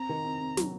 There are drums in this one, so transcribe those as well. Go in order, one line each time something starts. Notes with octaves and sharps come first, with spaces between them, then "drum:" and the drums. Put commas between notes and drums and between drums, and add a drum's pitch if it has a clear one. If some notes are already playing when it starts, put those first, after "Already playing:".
Already playing: C4 A#5
D#3
C4
C4
F#3, drum: snare